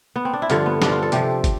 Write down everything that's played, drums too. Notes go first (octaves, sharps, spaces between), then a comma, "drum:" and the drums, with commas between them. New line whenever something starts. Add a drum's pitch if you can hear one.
B3
C4
D4
E4
G2 D3 F3 F4, drum: hi-hat
B3
G2 D3 F3 D4, drum: snare
F4
A4
C3 F3 G4, drum: hi-hat
drum: kick, hi-hat